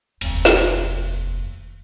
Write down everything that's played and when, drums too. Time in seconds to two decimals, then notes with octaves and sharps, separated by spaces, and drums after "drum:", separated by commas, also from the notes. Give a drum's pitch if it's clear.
0.21 F1 D#2, drum: cymbal
0.45 drum: snare